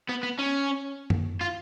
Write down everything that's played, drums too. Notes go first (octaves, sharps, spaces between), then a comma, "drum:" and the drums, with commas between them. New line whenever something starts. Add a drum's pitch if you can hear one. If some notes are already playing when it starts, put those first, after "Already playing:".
B3
B3
C#4
drum: tom F#2
F4